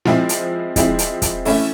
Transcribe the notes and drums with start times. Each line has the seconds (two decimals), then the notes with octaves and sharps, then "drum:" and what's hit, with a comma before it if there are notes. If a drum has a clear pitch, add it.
0.05 F3 G#3 C4 E4 G#4, drum: snare
0.29 drum: hi-hat
0.76 F3 G#3 C4 E4 G#4, drum: kick, hi-hat
0.99 drum: hi-hat
1.22 drum: kick, hi-hat
1.45 E3 A3 C#4 E4, drum: open hi-hat